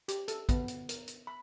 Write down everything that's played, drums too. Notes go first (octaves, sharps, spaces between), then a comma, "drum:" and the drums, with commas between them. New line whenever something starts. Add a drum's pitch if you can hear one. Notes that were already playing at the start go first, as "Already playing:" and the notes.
G4, drum: hi-hat
A4, drum: hi-hat
B3, drum: kick, hi-hat
drum: hi-hat
A#4, drum: hi-hat
drum: hi-hat
B5